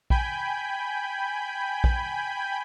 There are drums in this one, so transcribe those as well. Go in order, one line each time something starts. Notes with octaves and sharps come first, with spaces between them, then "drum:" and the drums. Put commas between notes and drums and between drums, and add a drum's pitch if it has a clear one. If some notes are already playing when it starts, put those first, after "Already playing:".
G5 G#5 B5 G6, drum: kick A#1
drum: kick A#1